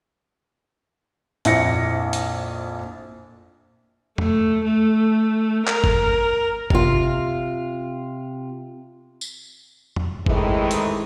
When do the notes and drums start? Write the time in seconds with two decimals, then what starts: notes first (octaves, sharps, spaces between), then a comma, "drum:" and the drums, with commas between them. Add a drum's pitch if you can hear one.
1.45 A#1 F2 E4 A#6 C#7, drum: hi-hat
2.13 drum: hi-hat
4.18 A3, drum: tom
4.64 A3
5.67 A#4, drum: clap
5.84 drum: kick G1
6.70 C3 F4, drum: kick G1
9.21 drum: tambourine
9.96 drum: tom
10.26 A2 C3 D#3 E3 G#3, drum: kick G1
10.71 drum: hi-hat